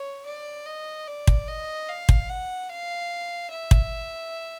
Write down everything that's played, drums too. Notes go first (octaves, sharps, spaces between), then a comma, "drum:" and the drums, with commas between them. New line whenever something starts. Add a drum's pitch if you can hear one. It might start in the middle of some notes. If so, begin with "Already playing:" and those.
Already playing: C#5
D5
D#5
D5
drum: kick
D#5
F5
drum: kick
F#5
F5
E5
drum: kick